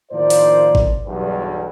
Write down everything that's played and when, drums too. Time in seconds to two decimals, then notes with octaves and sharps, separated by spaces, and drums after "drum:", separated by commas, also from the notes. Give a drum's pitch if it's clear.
0.12 A2 D#3 F3 A#3 C5 D5
0.30 drum: hi-hat
0.75 drum: kick G#1
1.06 B1 E2 G2